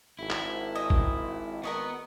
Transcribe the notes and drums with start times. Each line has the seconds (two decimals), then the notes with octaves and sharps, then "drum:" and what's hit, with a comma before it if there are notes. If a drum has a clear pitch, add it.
0.19 G#1 E4
0.31 drum: clap
0.75 D#5
0.90 drum: kick
1.64 B3 A#4 B4 D#5 C#6